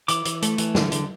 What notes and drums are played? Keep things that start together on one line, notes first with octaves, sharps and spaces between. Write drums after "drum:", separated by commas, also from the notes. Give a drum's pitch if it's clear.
E3 D6, drum: hi-hat
E3, drum: hi-hat
A3, drum: hi-hat
E3, drum: hi-hat
D3, drum: snare
D3, drum: hi-hat